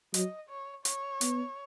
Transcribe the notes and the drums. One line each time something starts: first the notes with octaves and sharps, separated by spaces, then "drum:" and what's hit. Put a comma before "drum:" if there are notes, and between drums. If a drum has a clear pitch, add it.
F#3 D#5, drum: hi-hat
C#5
C#5, drum: hi-hat
B3, drum: hi-hat